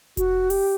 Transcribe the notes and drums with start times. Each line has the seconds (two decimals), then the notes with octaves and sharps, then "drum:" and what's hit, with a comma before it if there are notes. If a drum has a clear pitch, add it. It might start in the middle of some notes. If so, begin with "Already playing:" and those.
0.17 F#4, drum: kick F1, hi-hat
0.50 G4, drum: open hi-hat